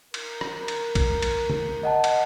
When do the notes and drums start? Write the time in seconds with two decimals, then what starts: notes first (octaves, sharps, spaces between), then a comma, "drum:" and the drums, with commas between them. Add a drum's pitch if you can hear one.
0.14 A#4, drum: cymbal
0.41 drum: rim click
0.68 drum: cymbal
0.95 drum: kick A#1, cymbal
1.22 drum: cymbal
1.50 drum: tom
1.83 D#5 F#5 A5
2.04 drum: cymbal